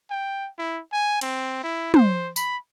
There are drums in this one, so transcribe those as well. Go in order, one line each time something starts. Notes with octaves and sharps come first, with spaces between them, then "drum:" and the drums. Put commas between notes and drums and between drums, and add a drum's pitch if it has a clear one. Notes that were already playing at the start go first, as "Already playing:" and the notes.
G5
E4
G#5
C4, drum: cymbal
E4
C5, drum: tom
B5, drum: tambourine